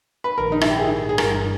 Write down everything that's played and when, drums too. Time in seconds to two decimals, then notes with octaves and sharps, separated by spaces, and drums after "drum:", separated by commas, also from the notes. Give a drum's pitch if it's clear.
0.24 B4
0.38 A#1 G#2 D#3 A#4
0.52 D#4
0.61 E4, drum: rim click
0.69 G4
0.78 G#4
1.09 G#4
1.18 G1 G2 E3 A#4, drum: rim click